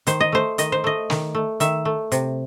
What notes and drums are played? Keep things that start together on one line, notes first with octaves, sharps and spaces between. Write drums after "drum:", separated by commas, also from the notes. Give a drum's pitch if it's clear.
D#3 C5, drum: hi-hat
D#5
A3 C5
D#3 D#5, drum: hi-hat
C5
A3 D#5
D#3, drum: snare
A3
D#3 E5, drum: hi-hat
A3
C3, drum: hi-hat